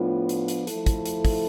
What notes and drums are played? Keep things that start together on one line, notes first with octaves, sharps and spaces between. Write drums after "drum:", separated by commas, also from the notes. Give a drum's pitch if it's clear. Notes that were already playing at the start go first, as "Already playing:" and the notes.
Already playing: A2 F3 B3 D4 F4
drum: hi-hat
drum: hi-hat
F3 A3 E4 A4, drum: hi-hat
drum: kick, hi-hat
drum: hi-hat
drum: kick, open hi-hat